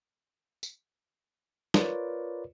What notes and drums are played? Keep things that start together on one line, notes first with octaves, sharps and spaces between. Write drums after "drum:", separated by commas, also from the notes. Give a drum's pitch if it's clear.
drum: tambourine
F4 A#4 B4 C#5 D5, drum: snare